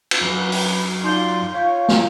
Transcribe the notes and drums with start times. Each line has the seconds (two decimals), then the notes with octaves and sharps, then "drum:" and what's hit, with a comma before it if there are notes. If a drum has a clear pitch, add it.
0.11 drum: cymbal
0.22 F#2 B4
0.52 drum: open hi-hat
1.04 D#4 F4 D5 C6 G6 G7
1.54 F4 C#5 F5 G6
1.88 drum: snare